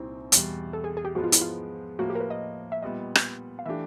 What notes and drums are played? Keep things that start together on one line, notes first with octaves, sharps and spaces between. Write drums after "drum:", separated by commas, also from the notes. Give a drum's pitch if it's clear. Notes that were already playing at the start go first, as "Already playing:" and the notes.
Already playing: C2 A#2 G3 C4 D#4 E4
E2 B2 G3, drum: hi-hat
A4
G#4
G#4
G4
G#2 F3 G#3 B3 F#4
F4
E4, drum: hi-hat
F4
A2 F3 A#3 F#4
G4
A#4
B4
D#5
E5
A#2 G3 B3 D#5
drum: rim click
F5
E3 A3 D4 G4 E5